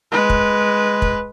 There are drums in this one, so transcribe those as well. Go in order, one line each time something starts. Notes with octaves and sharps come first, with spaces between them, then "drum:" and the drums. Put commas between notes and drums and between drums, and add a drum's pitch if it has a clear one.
G#3 B4
drum: kick
drum: kick